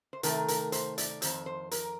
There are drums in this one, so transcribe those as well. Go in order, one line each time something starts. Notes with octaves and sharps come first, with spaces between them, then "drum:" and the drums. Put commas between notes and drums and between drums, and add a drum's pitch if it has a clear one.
C5
C3 D#3 A3 A#4, drum: hi-hat
A#4, drum: hi-hat
C5, drum: hi-hat
D5, drum: hi-hat
F2 D#3 C5, drum: hi-hat
C5
A#4, drum: hi-hat